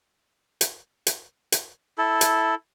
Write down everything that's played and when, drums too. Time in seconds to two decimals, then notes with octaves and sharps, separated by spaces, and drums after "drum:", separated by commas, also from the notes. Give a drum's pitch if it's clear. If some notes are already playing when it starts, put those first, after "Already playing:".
0.61 drum: hi-hat
1.07 drum: hi-hat
1.52 drum: hi-hat
1.98 E4 A4
2.21 drum: hi-hat